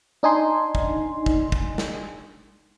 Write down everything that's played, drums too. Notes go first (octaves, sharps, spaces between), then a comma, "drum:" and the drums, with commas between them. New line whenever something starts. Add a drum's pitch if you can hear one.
D4 D#4 G#5 C6
drum: kick
drum: kick
drum: kick
drum: snare